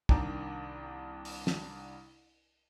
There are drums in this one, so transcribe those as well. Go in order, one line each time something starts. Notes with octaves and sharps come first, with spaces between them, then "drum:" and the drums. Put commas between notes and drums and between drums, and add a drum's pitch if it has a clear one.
C2 D#3 D4 G5 A#5, drum: kick
drum: open hi-hat
drum: snare